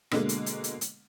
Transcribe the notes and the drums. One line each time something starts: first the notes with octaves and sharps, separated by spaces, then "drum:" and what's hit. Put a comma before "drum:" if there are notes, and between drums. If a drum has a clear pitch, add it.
B2 D3 G#3 A#3, drum: rim click
drum: hi-hat
drum: hi-hat
drum: hi-hat
drum: hi-hat